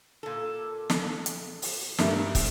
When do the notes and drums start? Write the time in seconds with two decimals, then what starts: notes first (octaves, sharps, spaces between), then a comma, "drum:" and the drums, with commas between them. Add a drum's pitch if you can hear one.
0.23 A#2 A4
0.90 drum: snare
1.26 drum: hi-hat
1.62 drum: open hi-hat
1.98 G2 A3 A#3, drum: snare
2.35 drum: kick, open hi-hat